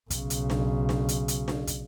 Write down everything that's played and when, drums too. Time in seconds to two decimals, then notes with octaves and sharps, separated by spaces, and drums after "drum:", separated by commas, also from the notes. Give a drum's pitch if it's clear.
0.10 B1 C#3, drum: kick, hi-hat
0.30 drum: hi-hat
0.50 drum: snare D4
0.89 drum: snare D4
1.09 drum: hi-hat
1.28 drum: hi-hat
1.48 drum: snare D4
1.67 drum: kick, hi-hat